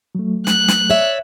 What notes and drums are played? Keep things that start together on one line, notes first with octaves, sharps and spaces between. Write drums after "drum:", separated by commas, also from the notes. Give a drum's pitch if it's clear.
F#3 A3
F#6, drum: snare
drum: snare
C#5 D5 E5